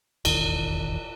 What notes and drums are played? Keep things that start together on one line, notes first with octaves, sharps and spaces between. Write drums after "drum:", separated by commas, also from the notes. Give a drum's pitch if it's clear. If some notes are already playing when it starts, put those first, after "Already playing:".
E1 A1 D#2 D#3, drum: cymbal